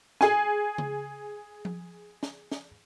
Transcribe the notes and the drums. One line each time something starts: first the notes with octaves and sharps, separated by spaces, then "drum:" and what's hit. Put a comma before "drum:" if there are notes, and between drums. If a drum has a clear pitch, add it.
G#4 G#5, drum: snare
drum: tom C#3
drum: tom F3
drum: snare
drum: snare